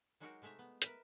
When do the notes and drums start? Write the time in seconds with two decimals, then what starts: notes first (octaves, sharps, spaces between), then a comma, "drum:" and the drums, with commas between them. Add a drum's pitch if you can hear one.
0.20 F#3 G#3 D#4 F#4 G4 A#4
0.42 C3 G#3 A3 E5 A#5
0.59 B3
0.82 A#4 B4 E5, drum: hi-hat